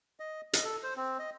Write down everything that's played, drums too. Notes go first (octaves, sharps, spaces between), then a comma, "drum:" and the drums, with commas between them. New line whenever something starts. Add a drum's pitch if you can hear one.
D#5
D#5, drum: hi-hat
A4
C5
C4
D#5